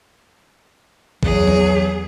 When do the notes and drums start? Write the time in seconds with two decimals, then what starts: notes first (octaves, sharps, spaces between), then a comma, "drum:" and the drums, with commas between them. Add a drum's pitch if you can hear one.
1.23 E2 F#3 G#4, drum: kick A1
1.48 drum: tom E3